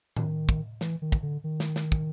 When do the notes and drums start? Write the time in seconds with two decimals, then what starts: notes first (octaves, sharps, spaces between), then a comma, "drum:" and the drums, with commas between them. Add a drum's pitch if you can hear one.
0.16 D#3, drum: tom A2
0.49 drum: kick
0.81 E3, drum: snare
1.02 D#3
1.12 drum: kick
1.22 D3
1.44 D#3
1.60 drum: snare
1.76 drum: snare
1.92 drum: kick